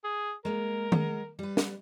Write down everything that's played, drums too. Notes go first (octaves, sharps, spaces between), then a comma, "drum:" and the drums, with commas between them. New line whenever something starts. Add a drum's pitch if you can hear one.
G#4
G#3 A#3 A#4
G#3 F#5, drum: tom D#3
G3 B4
drum: snare